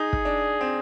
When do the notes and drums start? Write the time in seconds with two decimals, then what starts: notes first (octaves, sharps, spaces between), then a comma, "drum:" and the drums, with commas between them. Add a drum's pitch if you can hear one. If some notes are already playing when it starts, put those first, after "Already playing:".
Already playing: D#4 G#4
0.13 drum: kick
0.25 D4
0.61 C4